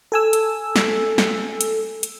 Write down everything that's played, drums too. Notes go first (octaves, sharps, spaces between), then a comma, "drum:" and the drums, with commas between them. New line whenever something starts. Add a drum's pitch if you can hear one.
A4 G#5 E6
drum: hi-hat
drum: snare
drum: snare
drum: hi-hat
drum: hi-hat